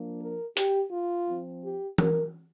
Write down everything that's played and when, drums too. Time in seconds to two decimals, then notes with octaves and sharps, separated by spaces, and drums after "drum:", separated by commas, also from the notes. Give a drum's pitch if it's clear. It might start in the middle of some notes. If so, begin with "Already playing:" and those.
Already playing: F3 A#3 D4
0.21 A#4
0.57 G4, drum: hi-hat
0.92 F4
1.28 F3 C4
1.63 G4
1.98 A#4, drum: tom E3